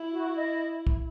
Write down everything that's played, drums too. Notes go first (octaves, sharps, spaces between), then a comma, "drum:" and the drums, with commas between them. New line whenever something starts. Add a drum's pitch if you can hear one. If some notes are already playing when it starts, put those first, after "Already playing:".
Already playing: E4
F#4
D#5
drum: kick